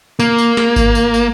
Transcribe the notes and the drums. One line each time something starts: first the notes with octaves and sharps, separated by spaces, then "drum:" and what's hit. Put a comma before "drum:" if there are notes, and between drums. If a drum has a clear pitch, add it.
A#3, drum: tambourine
drum: tambourine
drum: snare
drum: kick G#1, tambourine
drum: tambourine
drum: tambourine